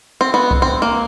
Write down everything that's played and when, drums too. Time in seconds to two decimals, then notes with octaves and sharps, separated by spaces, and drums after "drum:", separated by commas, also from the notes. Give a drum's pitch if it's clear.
0.21 C4
0.34 B3
0.51 drum: kick C2
0.62 C4
0.82 A#3